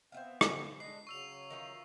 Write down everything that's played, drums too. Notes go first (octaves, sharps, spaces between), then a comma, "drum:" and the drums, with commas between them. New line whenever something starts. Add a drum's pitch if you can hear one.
B3 C4 C5 E5 F5
drum: rim click
G#3 D4 B4 D#5 C7
C#3 F#3 C#6 E6 F7
D#3 E3 F4